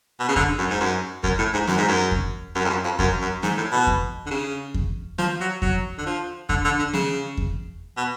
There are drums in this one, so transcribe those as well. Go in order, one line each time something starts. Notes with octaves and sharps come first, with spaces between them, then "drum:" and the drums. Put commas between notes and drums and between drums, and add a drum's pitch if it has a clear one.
B2
C#3
D3, drum: kick E2
F#2
G#2
F#2
F#2, drum: kick E2
A2
G#2
F#2, drum: snare
G#2
F#2
drum: kick E2
F#2
F2
F#2
F2
F#2, drum: kick E2
F#2
G#2, drum: snare
A2
B2
drum: kick E2
D3
C#3
drum: kick E2
F3, drum: snare
F#3
F#3, drum: kick E2
D3
F3
D3, drum: kick E2
D3
D3
C#3, drum: snare
drum: kick E2
B2